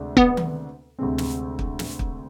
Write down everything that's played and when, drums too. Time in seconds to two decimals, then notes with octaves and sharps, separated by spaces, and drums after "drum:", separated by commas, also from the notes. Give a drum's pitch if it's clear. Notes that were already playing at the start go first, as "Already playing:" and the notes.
Already playing: D2 C3 G#3 D4
0.17 B3, drum: kick
0.37 drum: tom D#3
0.99 D2 C3 G#3 C4
1.18 drum: snare
1.59 drum: kick
1.79 drum: snare
1.99 drum: kick